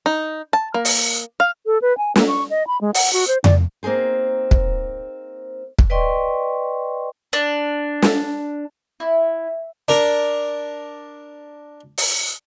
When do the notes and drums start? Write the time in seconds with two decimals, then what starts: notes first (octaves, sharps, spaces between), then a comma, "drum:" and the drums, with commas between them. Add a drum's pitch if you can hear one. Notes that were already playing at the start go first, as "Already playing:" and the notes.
0.06 D#4
0.53 A5
0.74 A#3
0.85 drum: open hi-hat
1.40 F5
1.66 A4
1.82 B4
1.98 G#5
2.16 A#3, drum: snare
2.28 C#6
2.50 D#5
2.67 B5
2.81 G#3
2.94 F#5, drum: open hi-hat
3.13 F#4
3.28 C5
3.44 D5, drum: tom F2
3.83 A#3 C4 D#4 G#4 C5
4.51 drum: kick
5.79 drum: kick
5.90 B4 D5 D#5 G5 C6 C#6
7.33 D4
8.02 drum: snare
9.00 E4
9.88 D4 A#4
11.98 drum: open hi-hat